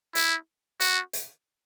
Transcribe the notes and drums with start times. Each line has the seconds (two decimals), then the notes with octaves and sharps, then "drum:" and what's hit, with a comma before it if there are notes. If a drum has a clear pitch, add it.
0.15 E4, drum: hi-hat
0.80 F#4, drum: hi-hat
1.13 drum: hi-hat